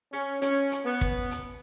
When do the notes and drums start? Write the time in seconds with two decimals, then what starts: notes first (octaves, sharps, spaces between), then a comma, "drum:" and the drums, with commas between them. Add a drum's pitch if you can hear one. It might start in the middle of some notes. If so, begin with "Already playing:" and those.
0.11 C#4
0.42 C#4, drum: hi-hat
0.72 drum: hi-hat
0.85 B3
1.01 drum: kick
1.31 drum: hi-hat